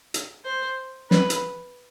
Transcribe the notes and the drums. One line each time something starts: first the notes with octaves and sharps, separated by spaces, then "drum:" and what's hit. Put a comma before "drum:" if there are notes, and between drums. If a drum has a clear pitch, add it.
drum: hi-hat
C5
B4, drum: snare
drum: hi-hat